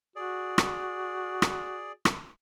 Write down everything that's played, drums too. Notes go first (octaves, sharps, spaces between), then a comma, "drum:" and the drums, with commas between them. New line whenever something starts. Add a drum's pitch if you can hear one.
F#4 G#4 D5
drum: rim click
drum: rim click
drum: rim click